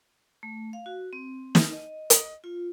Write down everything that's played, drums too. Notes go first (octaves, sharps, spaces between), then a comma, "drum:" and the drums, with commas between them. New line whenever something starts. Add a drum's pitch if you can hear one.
A3
F5
F#4
C4
D#4, drum: snare
D#5
drum: hi-hat
F4